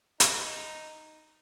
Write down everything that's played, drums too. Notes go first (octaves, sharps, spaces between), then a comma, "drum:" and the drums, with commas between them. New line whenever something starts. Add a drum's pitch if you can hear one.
D#4, drum: hi-hat